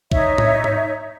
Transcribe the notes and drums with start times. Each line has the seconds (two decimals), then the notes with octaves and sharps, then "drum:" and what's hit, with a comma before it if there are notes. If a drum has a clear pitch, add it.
0.12 D#4 C#5 E5, drum: kick
0.38 drum: tom A2
0.64 drum: tom G#2